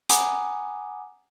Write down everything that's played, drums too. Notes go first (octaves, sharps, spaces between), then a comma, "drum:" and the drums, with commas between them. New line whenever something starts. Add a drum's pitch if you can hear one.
F#5 G#5 A#5 B5 D6 D#6, drum: hi-hat